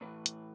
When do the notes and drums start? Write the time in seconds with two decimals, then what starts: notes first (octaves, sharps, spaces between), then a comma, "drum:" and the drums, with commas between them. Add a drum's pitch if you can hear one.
0.01 A2 E3 B4
0.26 drum: hi-hat